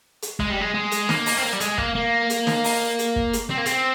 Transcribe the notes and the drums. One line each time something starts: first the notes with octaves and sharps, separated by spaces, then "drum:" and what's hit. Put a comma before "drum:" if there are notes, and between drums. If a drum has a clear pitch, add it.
drum: hi-hat
G#3, drum: kick
G3
G#3
G#3
drum: hi-hat
A#3, drum: snare
drum: open hi-hat
C4
A#3
G3
G#3, drum: hi-hat
A#3, drum: kick
A#3
drum: hi-hat
drum: snare
drum: open hi-hat
drum: hi-hat
drum: kick
drum: hi-hat
C4
A#3
C4, drum: hi-hat